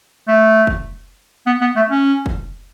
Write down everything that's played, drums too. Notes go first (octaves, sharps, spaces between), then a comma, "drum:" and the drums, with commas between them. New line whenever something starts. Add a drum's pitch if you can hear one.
A3
drum: kick
B3
B3
A3
C#4
drum: kick